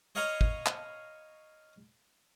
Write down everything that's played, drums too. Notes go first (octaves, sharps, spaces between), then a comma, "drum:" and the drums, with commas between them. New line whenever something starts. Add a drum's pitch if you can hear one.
C#5 D#5 F5 A#5 B5
drum: kick
drum: clap